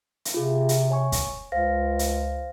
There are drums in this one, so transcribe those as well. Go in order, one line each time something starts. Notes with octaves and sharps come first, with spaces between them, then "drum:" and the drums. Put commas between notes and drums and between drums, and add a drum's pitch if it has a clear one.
drum: hi-hat
C3 F4 G#4
drum: hi-hat
C#5 G#5 C#6
drum: kick, hi-hat
C#2 C5 F5 A#6
drum: hi-hat